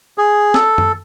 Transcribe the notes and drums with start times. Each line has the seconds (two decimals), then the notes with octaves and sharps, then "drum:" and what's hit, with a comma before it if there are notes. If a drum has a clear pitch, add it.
0.18 G#4
0.54 A4, drum: snare
0.78 drum: tom F#2